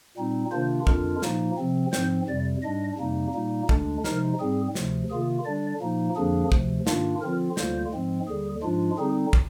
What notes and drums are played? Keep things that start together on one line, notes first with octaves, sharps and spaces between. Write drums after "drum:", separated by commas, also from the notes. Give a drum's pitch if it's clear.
A#2 G3 C4 D#4
C3 D#3 A#3 D4 F4 C5
F2 D3 G#3 D4 F4 A#4, drum: kick
A#2 F3 A#3 D#4, drum: snare
C3 F3 C4
G#2 F3 C4 C5, drum: snare
F2 C3 G3 D5
G#2 G3 D4 D#5
F2 C3 G3 A#3 D#4
A#2 G3 A#3 D#4
D2 D3 G#3 D4, drum: kick
C3 F3 G#3 D#4 A#4, drum: snare
G#2 G3 C4 G#4
D2 C3 F3, drum: snare
C3 D#3 A#3 F4 G#4
D3 G3 D4 D5
A#2 F3 A#3 D#4
F2 D3 F3 A#3 D4 G#4
D2 C3 F3, drum: kick
G#2 D#3 A#3 D4 F4, drum: snare
D3 F3 C4 F4 A#4
D2 D3 G3 A#3 F4 C5, drum: snare
G#2 F3 G#3 C4
D#2 D3 G3 G#4
G#2 F3 G#3 D4 F4
D3 G3 C4 D#4 G#4
drum: kick